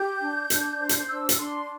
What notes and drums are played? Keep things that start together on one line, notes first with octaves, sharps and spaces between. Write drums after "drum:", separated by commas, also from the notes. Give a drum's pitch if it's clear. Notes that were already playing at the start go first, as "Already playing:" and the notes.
Already playing: G4 G6
D4
D4, drum: hi-hat
C5
drum: hi-hat
D4 E6
drum: hi-hat
D4 C6